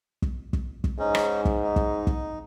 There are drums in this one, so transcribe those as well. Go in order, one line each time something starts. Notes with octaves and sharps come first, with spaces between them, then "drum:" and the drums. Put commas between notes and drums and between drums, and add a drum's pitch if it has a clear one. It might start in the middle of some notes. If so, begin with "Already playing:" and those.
drum: kick
drum: kick
drum: kick
G#2 C#4 D#4
drum: rim click
drum: kick
D#4
drum: kick
drum: kick